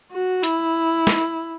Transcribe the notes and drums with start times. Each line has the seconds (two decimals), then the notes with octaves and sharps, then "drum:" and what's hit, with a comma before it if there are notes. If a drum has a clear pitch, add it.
0.12 F#4
0.43 E4, drum: hi-hat
1.07 drum: snare